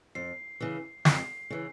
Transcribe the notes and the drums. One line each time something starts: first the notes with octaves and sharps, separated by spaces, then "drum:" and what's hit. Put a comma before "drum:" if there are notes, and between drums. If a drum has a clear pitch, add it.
F2 C7
C#3 E3
F2 C7, drum: snare
C#3 E3